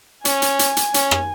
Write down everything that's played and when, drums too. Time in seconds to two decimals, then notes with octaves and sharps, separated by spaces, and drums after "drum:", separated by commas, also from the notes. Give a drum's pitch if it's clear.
0.25 C#4 G#5, drum: hi-hat
0.42 drum: hi-hat
0.59 drum: hi-hat
0.77 drum: hi-hat
0.94 C#4, drum: hi-hat
1.11 drum: rim click